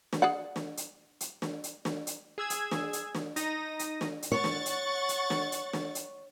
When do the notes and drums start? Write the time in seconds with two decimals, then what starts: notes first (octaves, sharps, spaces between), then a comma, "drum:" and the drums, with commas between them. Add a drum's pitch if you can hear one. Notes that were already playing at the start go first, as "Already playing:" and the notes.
0.13 drum: snare
0.22 G#4 D5 F#5
0.56 drum: snare
0.77 drum: hi-hat
1.20 drum: hi-hat
1.42 drum: snare
1.64 drum: hi-hat
1.85 drum: snare
2.07 drum: hi-hat
2.38 G#4 E6 G#6
2.50 drum: hi-hat
2.71 drum: snare
2.93 drum: hi-hat
3.15 drum: snare
3.36 D#4 A#6 D#7, drum: hi-hat
3.79 drum: hi-hat
4.01 drum: snare
4.22 drum: hi-hat
4.32 C#5 F#5 C#6 A6
4.44 drum: snare
4.66 drum: hi-hat
5.09 drum: hi-hat
5.30 drum: snare
5.52 drum: hi-hat
5.73 drum: snare
5.95 drum: hi-hat